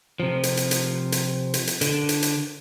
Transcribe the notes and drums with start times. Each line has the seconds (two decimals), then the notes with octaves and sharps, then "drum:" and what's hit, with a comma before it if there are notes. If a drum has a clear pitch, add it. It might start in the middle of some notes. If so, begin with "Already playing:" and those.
0.20 C3 F3
0.43 drum: hi-hat
0.57 drum: hi-hat
0.71 drum: hi-hat
1.12 drum: hi-hat
1.54 drum: hi-hat
1.67 drum: hi-hat
1.81 D3, drum: hi-hat
2.09 drum: hi-hat
2.22 drum: hi-hat